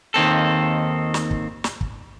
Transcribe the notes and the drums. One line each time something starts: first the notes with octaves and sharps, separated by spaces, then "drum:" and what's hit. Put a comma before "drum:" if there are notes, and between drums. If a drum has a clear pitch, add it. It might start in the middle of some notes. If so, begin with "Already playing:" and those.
D#2 D#3 C4 A4
drum: snare
drum: kick
drum: snare
drum: kick